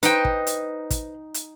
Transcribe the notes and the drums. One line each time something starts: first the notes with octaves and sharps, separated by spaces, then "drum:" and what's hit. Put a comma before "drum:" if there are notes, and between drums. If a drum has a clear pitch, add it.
D#4 B4 C5 G5, drum: hi-hat
drum: kick
drum: hi-hat
drum: kick, hi-hat
drum: hi-hat